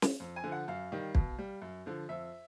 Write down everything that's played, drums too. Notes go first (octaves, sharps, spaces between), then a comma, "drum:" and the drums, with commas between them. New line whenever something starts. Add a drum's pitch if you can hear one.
drum: snare
F2
G#5
D3 F3
F#5
F#2 F5
D#3 G3
B2, drum: kick
G3
F#2
D3 F3
F2 E5